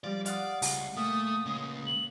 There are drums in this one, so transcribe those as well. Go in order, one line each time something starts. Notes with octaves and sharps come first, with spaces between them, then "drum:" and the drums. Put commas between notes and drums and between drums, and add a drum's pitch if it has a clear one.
F3 G3 D5
D5 F5 F#5 D#6, drum: hi-hat
C#2, drum: open hi-hat
A#2 A3 D#6
C#2 C#4
F#7